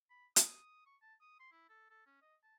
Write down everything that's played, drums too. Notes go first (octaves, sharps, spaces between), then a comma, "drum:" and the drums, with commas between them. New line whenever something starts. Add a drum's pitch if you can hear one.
B5
D#6, drum: hi-hat
C#6
A5
D#6
C6
E4
A4
A4
C#4
D#5
A5